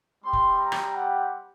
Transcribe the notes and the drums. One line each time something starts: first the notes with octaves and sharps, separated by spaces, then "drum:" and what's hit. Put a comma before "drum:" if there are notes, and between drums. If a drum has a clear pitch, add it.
G3 C4 G4 C6
drum: kick
A#5
drum: rim click
F#5